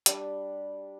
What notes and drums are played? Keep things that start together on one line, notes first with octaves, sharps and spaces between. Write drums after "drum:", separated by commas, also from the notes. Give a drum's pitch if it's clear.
G3 D4, drum: hi-hat